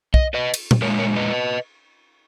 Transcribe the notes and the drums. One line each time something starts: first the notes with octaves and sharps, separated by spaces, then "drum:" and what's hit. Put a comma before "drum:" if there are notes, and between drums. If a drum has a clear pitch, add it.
D#5, drum: kick
B4 D#5
drum: cymbal
drum: tom A#2
A#2 G#3 A#4 C#5
A#4 C#5
B4 D#5